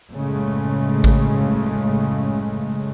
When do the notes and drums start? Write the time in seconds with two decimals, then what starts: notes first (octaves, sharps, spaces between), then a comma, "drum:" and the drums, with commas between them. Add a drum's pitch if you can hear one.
0.11 F#1 A2 C#3 G#3 A3
1.04 drum: kick A1